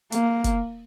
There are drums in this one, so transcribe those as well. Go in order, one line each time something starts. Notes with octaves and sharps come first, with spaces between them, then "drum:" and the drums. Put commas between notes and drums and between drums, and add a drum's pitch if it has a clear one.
A#3, drum: hi-hat
drum: kick, hi-hat